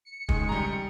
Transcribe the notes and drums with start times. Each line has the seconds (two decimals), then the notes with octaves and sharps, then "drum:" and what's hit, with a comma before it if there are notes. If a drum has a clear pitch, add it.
0.05 C#7
0.29 C#2 A2 D#3 G#3, drum: kick
0.49 G3 A#5